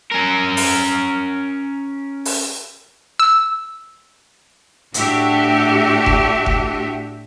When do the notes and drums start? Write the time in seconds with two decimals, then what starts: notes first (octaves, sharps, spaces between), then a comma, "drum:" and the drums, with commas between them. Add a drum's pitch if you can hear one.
0.12 C#4 A#4
0.57 drum: open hi-hat
2.25 drum: open hi-hat
3.20 E6
4.94 A2 D4 F#4 G4 E5, drum: hi-hat
6.06 drum: kick F1
6.46 drum: kick F1